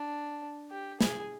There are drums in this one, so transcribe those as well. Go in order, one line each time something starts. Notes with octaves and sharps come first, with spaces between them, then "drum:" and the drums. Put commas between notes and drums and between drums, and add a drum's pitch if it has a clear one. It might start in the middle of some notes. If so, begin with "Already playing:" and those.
Already playing: D4
G4
G#4, drum: snare